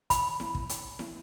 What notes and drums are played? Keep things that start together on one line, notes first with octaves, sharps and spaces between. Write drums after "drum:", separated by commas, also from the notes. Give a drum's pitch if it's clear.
B5, drum: kick, hi-hat
drum: snare E4
drum: kick
drum: hi-hat
drum: snare E4